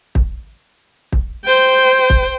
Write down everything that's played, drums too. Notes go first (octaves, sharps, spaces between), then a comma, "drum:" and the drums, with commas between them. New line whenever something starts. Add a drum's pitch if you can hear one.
drum: kick
drum: kick
C5 G5
drum: kick